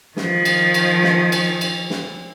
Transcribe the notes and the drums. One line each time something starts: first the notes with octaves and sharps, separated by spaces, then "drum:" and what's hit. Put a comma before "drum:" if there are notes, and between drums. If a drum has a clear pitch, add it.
D#3 F3, drum: snare
drum: cymbal
drum: cymbal
drum: snare
drum: cymbal
drum: cymbal
drum: snare